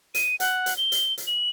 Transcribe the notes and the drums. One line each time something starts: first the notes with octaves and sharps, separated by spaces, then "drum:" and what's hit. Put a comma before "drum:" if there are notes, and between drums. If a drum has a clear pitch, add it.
D#7, drum: hi-hat
F#5, drum: hi-hat
drum: hi-hat
G7
drum: hi-hat
drum: hi-hat
F#7